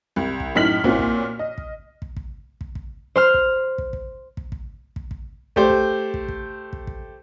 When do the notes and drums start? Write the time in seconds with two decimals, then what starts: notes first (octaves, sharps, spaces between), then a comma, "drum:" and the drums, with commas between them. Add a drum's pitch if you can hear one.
0.16 C2
0.40 drum: kick
0.55 F#2 A2 D#4 F6 B6 F#7
0.84 A#2 C4 C#4 E4 F#4, drum: kick
0.99 drum: kick
1.39 D#5
1.58 drum: kick
2.02 drum: kick
2.17 drum: kick
2.61 drum: kick
2.75 drum: kick
3.16 C5 C6 F6
3.34 drum: kick
3.78 drum: kick
3.93 drum: kick
4.37 drum: kick
4.52 drum: kick
4.96 drum: kick
5.11 drum: kick
5.56 A3 G4 C5, drum: kick
5.70 drum: kick
6.14 drum: kick
6.29 drum: kick
6.73 drum: kick
6.87 drum: kick